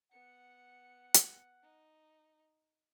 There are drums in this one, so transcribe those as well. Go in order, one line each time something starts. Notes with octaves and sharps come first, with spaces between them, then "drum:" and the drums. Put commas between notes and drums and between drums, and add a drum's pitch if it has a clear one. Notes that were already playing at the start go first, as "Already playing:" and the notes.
B3 F#5 C#7
drum: hi-hat
D#4